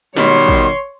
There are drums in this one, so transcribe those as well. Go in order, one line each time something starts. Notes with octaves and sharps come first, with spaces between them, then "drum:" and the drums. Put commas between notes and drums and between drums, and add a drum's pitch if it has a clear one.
B2 D#3 G3 C#5 C6, drum: snare G#3
drum: kick